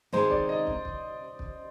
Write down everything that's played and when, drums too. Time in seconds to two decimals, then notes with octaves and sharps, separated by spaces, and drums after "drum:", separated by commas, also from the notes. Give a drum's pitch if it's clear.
0.12 C3 D#3 G#3 D#4 C5
0.23 C5
0.31 D5, drum: kick
0.49 D#5
0.67 drum: kick
0.85 drum: kick
1.39 drum: kick